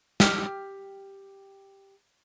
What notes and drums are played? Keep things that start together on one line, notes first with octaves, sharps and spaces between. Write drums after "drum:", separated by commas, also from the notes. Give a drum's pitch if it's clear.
G4 F6, drum: snare